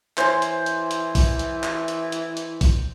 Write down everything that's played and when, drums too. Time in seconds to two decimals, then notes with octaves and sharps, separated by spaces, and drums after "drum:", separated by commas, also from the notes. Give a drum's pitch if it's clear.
0.18 E3 C5 C#5 G#5 C6, drum: clap
0.42 drum: hi-hat
0.66 drum: hi-hat
0.91 drum: hi-hat
1.15 drum: kick, open hi-hat
1.39 drum: hi-hat
1.64 drum: clap
1.88 drum: hi-hat
2.12 drum: hi-hat
2.37 drum: hi-hat
2.61 drum: kick, open hi-hat